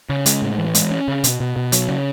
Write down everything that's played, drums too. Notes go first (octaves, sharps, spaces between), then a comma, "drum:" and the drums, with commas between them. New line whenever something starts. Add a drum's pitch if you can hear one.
C#3
G#3, drum: hi-hat
A2
E3
G#3, drum: hi-hat
C#4
C#3
B2, drum: hi-hat
B2
B2
F#3, drum: hi-hat
C#3